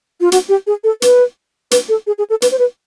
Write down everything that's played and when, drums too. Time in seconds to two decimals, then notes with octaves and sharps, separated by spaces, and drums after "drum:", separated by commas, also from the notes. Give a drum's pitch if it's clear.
0.21 F4
0.32 F#4, drum: hi-hat
0.49 G4
0.67 G#4
0.84 A4
1.02 B4, drum: hi-hat
1.71 B4, drum: hi-hat
1.89 A4
2.07 G#4
2.18 G#4
2.30 A4
2.42 B4, drum: hi-hat
2.52 C5
2.59 B4